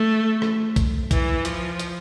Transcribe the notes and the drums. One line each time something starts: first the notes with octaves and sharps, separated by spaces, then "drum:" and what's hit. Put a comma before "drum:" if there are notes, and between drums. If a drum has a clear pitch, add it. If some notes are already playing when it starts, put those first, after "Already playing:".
Already playing: A3
drum: rim click
drum: kick, hi-hat
E3, drum: kick, hi-hat
F3, drum: hi-hat
drum: hi-hat